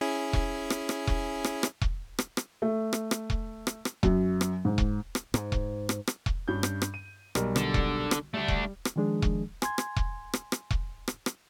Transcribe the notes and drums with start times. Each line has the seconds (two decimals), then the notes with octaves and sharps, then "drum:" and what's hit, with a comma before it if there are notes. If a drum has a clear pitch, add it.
0.01 C#4 E4 G#4
0.33 drum: kick E1
0.70 drum: rim click
0.89 drum: rim click
1.07 drum: kick E1
1.44 drum: rim click
1.63 drum: rim click
1.81 drum: kick E1
2.19 drum: rim click
2.37 drum: rim click
2.62 A3
2.93 drum: rim click
3.11 drum: rim click
3.30 drum: kick E1
3.67 drum: rim click
3.85 drum: rim click
4.03 F#2, drum: kick E1
4.41 drum: rim click
4.65 G#2
4.78 drum: kick E1
5.15 drum: rim click
5.34 G#2, drum: rim click
5.52 drum: kick E1
5.89 drum: rim click
6.07 drum: rim click
6.26 drum: kick E1
6.48 G2 C#4 G6
6.63 drum: rim click
6.82 drum: rim click
6.94 D#7
7.35 B1 G3 A#4, drum: rim click
7.56 D3, drum: rim click
7.74 drum: kick E1
8.11 drum: rim click
8.34 G3 A3 D4
8.48 drum: kick E1
8.85 drum: rim click
8.96 D#3 F3 G#3 D4 G#4
9.22 drum: kick E1
9.62 G#5 C6 G#6, drum: rim click
9.78 drum: rim click
9.96 drum: kick E1
10.33 drum: rim click
10.52 drum: rim click
10.71 drum: kick E1
11.08 drum: rim click
11.26 drum: rim click